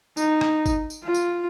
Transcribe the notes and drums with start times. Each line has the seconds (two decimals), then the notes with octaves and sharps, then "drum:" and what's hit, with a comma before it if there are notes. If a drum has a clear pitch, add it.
0.17 D#4, drum: tambourine
0.41 drum: rim click
0.66 drum: kick, tambourine
0.90 drum: tambourine
1.03 F4
1.14 drum: tambourine